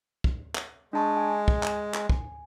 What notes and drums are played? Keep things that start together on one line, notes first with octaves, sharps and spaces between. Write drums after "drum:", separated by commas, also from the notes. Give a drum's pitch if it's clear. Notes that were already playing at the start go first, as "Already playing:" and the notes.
drum: kick
drum: clap
G#3 D4 A5 C#6
G#5
drum: kick
drum: clap
drum: clap
drum: kick